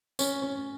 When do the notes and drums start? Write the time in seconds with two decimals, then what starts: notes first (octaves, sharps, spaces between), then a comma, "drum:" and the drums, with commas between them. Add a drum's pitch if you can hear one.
0.19 C#4, drum: tambourine
0.42 C#4